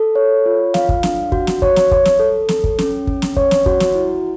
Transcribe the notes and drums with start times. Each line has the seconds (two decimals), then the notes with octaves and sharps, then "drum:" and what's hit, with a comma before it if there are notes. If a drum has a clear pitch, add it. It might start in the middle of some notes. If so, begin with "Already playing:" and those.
Already playing: A4
0.16 C#5
0.46 F4
0.74 F5, drum: snare
0.89 drum: kick
1.03 D4, drum: snare
1.32 F#4, drum: kick
1.47 drum: snare
1.62 C#5, drum: kick
1.76 drum: snare
1.91 C#5, drum: kick
2.05 drum: snare
2.19 A4
2.49 A4, drum: snare
2.64 drum: kick
2.79 C#4, drum: snare
3.07 C#4, drum: kick
3.22 drum: snare
3.36 C#5, drum: kick
3.51 drum: snare
3.66 F#4, drum: kick
3.80 drum: snare
3.95 E4